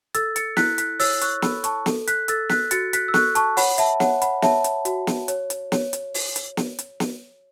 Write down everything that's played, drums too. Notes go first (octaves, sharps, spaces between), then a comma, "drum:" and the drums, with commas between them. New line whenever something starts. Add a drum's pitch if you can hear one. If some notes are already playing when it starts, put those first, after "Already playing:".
A4 E6 A6, drum: hi-hat
A6 C#7, drum: hi-hat
E4 F#6 B6, drum: snare
F#6 B6, drum: hi-hat
C#5 E6 A6, drum: open hi-hat
C#6 F#6, drum: hi-hat
A4 B5 E6, drum: snare
A5 C#6, drum: hi-hat
A4, drum: snare
F#6 B6, drum: hi-hat
A4 E6 A6, drum: hi-hat
F#6 B6, drum: snare
F#4 A6 C#7, drum: hi-hat
F#6 B6, drum: hi-hat
E6
A4 C#6 F#6, drum: snare
A5 C#6, drum: hi-hat
C#5 F#5 B5, drum: open hi-hat
E5 A5, drum: hi-hat
C#5 F#5, drum: snare
F#5 B5, drum: hi-hat
C#5 E5 A5, drum: snare
drum: hi-hat
F#4, drum: hi-hat
drum: snare
C#5, drum: hi-hat
drum: hi-hat
C#5, drum: snare
drum: hi-hat
drum: open hi-hat
drum: hi-hat
drum: snare
drum: hi-hat
drum: snare